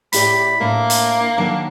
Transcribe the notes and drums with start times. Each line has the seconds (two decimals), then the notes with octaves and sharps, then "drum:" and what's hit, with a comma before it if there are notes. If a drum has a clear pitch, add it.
0.13 A2 G4 D5 B5, drum: hi-hat
0.60 A2 A#3 D4
0.90 drum: hi-hat
1.38 D#3 F#3 D4